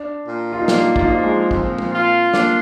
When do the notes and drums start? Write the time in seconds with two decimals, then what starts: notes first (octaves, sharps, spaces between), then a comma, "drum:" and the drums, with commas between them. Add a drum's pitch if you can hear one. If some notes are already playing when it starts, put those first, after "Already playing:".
Already playing: D4
0.27 A#2
0.53 F4
0.61 D#4
0.68 A#3 D4, drum: snare
0.96 F4, drum: kick
1.03 D#4
1.10 F3 F4
1.24 G#3
1.51 A#2 C4, drum: kick
1.78 drum: tom
1.92 F4
2.34 A#3 D4, drum: snare